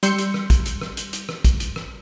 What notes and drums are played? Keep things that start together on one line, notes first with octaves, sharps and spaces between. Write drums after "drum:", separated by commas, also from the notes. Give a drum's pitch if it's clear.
G3 C6 E6 G6 C#7, drum: hi-hat
drum: hi-hat
drum: rim click
drum: kick, hi-hat
drum: hi-hat
drum: rim click
drum: hi-hat
drum: hi-hat
drum: rim click
drum: kick, hi-hat
drum: hi-hat
drum: rim click